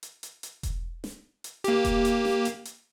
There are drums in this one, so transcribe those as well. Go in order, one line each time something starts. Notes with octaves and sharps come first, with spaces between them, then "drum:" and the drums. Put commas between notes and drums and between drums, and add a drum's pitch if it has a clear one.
drum: hi-hat
drum: hi-hat
drum: hi-hat
drum: kick E1, hi-hat
drum: snare
drum: hi-hat
A#3 G4, drum: hi-hat
drum: kick E1, hi-hat
drum: hi-hat
drum: snare
drum: hi-hat
drum: hi-hat